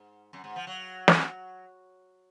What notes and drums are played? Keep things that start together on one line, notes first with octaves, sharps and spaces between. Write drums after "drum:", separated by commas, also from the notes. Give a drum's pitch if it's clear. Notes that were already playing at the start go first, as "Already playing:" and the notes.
Already playing: G#2
F#2
G#2
F3
F#3
drum: snare